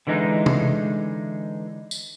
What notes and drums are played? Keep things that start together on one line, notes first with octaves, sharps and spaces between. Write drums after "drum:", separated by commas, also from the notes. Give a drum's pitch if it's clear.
D3 E3 G#3 D#4
drum: tom C3
drum: tambourine